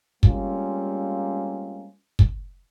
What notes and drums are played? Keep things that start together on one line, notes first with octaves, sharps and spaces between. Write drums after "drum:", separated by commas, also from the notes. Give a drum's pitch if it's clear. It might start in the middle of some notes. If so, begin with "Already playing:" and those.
G3 G#3 A#3 C4 C#4 F4, drum: kick
drum: kick